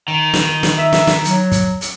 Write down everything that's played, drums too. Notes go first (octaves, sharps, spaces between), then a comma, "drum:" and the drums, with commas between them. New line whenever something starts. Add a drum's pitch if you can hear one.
D#3
drum: snare
drum: snare
E5
drum: snare
drum: snare
F#3, drum: hi-hat
drum: kick, hi-hat
drum: hi-hat